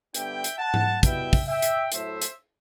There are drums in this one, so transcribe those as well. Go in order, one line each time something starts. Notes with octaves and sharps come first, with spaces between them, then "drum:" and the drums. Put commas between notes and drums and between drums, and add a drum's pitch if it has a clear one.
D3 G3 B3 D4 E5 G5, drum: hi-hat
drum: hi-hat
F#5 A5
drum: tom G#2
B2 G3 B3 E4 E5 G5, drum: kick, hi-hat
drum: kick, open hi-hat
E5 G5
drum: hi-hat
A2 F#3 A3 E4 C5 E5, drum: hi-hat
drum: hi-hat